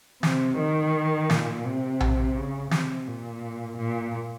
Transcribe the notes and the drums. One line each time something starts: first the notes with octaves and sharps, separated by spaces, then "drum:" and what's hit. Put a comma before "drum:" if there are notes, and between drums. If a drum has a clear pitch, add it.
C3, drum: snare
D#3
A#2, drum: snare
C3
drum: tom A#1
C#3
C3, drum: snare
A#2
A#2